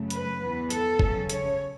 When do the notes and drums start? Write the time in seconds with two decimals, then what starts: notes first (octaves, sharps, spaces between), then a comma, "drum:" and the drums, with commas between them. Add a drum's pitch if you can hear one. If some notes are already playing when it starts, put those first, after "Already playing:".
Already playing: F#2 C#3 A3
0.10 B4, drum: hi-hat
0.40 E2 E3 B3
0.70 A4, drum: hi-hat
0.99 C#3 F#3 C#4, drum: kick
1.29 C#5, drum: hi-hat